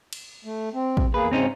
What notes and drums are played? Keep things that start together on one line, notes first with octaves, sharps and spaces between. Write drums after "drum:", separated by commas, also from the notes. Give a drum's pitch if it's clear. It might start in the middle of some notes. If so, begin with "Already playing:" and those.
drum: cymbal
A3
C4
drum: kick
E2 A#3 G#4 B4
G#2 C#3 C4 C#4 D#4 C5